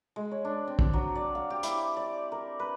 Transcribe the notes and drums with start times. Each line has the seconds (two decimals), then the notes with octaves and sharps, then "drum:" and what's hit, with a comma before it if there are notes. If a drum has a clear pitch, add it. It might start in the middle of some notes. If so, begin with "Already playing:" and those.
0.16 G#3
0.31 C#5
0.45 D4
0.67 C4
0.79 drum: kick
0.93 F#3
1.15 D5
1.35 F5
1.50 G4
1.63 E4, drum: hi-hat
1.97 D5
2.32 A#4
2.60 B4